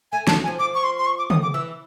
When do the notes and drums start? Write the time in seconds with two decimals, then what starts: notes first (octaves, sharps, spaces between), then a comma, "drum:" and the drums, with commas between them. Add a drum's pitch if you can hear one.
0.12 A3 G#5
0.27 A5, drum: snare
0.36 F#3
0.44 G#5
0.48 F3
0.59 F3 D6
0.75 C#6
0.84 C6
0.98 C6
1.06 C#6
1.18 D6
1.30 D#6, drum: tom
1.43 D6
1.54 E3 E6